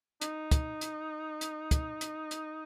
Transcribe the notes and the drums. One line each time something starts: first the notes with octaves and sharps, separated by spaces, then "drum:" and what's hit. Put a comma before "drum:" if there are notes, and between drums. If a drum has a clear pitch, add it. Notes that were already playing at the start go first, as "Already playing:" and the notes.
D#4, drum: hi-hat
drum: kick, hi-hat
drum: hi-hat
drum: hi-hat
drum: kick, hi-hat
drum: hi-hat
drum: hi-hat